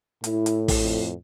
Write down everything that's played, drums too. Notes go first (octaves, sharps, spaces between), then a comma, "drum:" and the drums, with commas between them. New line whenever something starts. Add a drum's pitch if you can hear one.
A2 E4, drum: hi-hat
drum: hi-hat
drum: kick, open hi-hat
F2